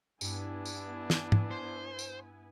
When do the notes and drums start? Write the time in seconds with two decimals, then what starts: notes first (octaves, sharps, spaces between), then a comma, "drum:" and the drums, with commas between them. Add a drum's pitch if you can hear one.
0.21 G2 B3 D4 E4 G#5, drum: tambourine
0.65 drum: tambourine
1.10 drum: snare
1.32 drum: tom G#2
1.51 C5
1.99 drum: tambourine